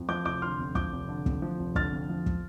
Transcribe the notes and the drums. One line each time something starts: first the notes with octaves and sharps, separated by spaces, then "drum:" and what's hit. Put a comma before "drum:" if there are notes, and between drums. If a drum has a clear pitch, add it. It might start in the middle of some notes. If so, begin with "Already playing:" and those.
Already playing: F2
F3 D6 G6
F1 D6 G6
D3 C6 F6
F2
F3 D6 G6, drum: kick
F1
D3
F2, drum: kick
F3
F1
D3 F6 A6, drum: kick
F2
F3
drum: kick